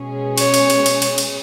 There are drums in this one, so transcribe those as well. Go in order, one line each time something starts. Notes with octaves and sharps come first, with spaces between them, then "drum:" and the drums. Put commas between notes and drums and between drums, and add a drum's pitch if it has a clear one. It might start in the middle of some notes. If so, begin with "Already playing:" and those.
Already playing: B2 G#3 C#4 G#4
C#5, drum: cymbal
drum: cymbal
drum: cymbal
drum: cymbal
drum: cymbal
drum: cymbal